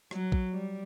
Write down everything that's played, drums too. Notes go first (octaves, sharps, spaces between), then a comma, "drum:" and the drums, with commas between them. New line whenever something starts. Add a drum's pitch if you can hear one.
F#3, drum: rim click
drum: kick A#1
G3